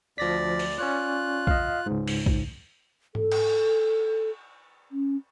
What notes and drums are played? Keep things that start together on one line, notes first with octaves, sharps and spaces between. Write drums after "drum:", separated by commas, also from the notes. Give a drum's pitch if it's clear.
D2 F3 D5 A#6 B6
drum: open hi-hat
C#4 F4 C#5 D5 F#6
D#5 F5, drum: kick A#1
C#2 G#2
drum: open hi-hat
drum: kick A#1
A4, drum: tom G#2
drum: cymbal
C#4